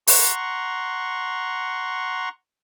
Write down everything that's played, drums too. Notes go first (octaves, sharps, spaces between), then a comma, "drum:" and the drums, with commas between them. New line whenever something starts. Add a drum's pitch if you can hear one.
F#5 A#5 C6 C#6, drum: open hi-hat